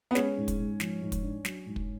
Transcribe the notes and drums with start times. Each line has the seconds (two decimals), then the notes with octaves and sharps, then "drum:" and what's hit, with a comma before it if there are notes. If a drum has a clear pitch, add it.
0.11 B3
0.15 G#3 C#4, drum: snare
0.37 G#2
0.48 drum: kick, hi-hat
0.58 G#2
0.80 F3, drum: snare
1.02 G#2
1.12 drum: kick, hi-hat
1.22 D4
1.45 F#3, drum: snare
1.66 G#2
1.76 drum: kick